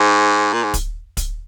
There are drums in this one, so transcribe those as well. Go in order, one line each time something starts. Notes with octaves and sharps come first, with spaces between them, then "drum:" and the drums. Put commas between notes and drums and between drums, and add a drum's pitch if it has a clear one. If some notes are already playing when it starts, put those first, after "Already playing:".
Already playing: G#2
A#2
G#2
drum: kick, hi-hat
drum: kick, hi-hat